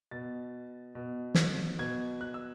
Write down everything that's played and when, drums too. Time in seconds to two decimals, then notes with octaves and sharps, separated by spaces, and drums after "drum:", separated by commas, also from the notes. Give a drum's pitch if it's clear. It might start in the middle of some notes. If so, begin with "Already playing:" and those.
0.11 B2 A6
0.95 B2
1.35 drum: snare
1.78 B2 G#6
2.21 F#6
2.34 E6